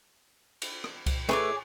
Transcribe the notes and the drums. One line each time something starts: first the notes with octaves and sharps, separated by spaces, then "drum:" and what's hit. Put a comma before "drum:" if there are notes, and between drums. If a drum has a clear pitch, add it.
drum: cymbal
drum: rim click
drum: kick C2, cymbal
A3 E4 G#4 B4 C#5 D5